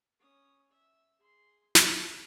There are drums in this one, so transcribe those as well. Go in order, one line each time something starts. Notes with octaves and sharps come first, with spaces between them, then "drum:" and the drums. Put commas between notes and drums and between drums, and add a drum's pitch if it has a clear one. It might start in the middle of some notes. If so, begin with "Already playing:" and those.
C#4 D#6
E5
G#4 C6
G4 G#4, drum: snare